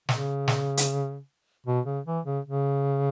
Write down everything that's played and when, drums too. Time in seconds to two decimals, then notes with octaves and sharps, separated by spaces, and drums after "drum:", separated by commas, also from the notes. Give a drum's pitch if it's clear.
0.09 C#3, drum: snare
0.48 drum: snare
0.77 drum: hi-hat
1.66 B2
1.86 C#3
2.06 E3
2.26 C#3
2.45 C#3